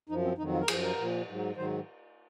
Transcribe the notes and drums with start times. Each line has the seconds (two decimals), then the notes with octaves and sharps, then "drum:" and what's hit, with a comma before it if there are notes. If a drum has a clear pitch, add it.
0.09 F#2 F3 D#4
0.24 C4
0.38 F2 D#3 F#3 D#4
0.53 F4
0.61 A#4
0.68 F#2 F3 G#4, drum: cymbal
0.83 A#4
0.98 A#2 F3
1.27 G#2 F#3
1.56 G#2 D#3 F#3 C5